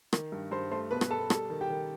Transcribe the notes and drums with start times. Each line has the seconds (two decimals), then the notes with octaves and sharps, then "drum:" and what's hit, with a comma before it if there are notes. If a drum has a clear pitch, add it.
0.13 D#3, drum: rim click
0.32 G2
0.51 G2 C5 C6
0.71 A3 C5 C6
0.91 B2 B4 B5
1.01 drum: rim click
1.10 B2 A4 A5
1.30 G3 A4 A5, drum: rim click
1.50 D#3
1.61 G4 G5
1.70 D#3